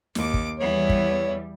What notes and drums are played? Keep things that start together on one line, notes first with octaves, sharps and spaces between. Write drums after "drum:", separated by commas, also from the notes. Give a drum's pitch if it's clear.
D#2 D6, drum: snare
drum: kick
E2 E3 G3 B3 E4 C#5
drum: kick